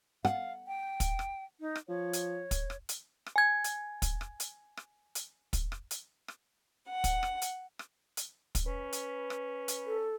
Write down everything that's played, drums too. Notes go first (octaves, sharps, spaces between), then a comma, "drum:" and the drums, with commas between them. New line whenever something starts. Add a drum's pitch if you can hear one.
F5 F#5, drum: rim click
G5
drum: kick, hi-hat
drum: rim click
D#4
drum: rim click
F3 C#5
drum: hi-hat
drum: kick, hi-hat
drum: rim click
drum: hi-hat
drum: rim click
G#5 G#6
drum: hi-hat
drum: kick, hi-hat
drum: rim click
drum: hi-hat
drum: rim click
drum: hi-hat
drum: kick, hi-hat
drum: rim click
drum: hi-hat
drum: rim click
F#5
drum: kick, hi-hat
drum: rim click
drum: hi-hat
drum: rim click
drum: hi-hat
drum: kick, hi-hat
C#4 B4
drum: hi-hat
drum: rim click
drum: hi-hat
A4